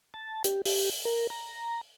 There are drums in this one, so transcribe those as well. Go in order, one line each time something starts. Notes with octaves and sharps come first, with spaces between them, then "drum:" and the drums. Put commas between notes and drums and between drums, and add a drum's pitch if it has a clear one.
A5
G4, drum: hi-hat
G4, drum: open hi-hat
A#4
A#5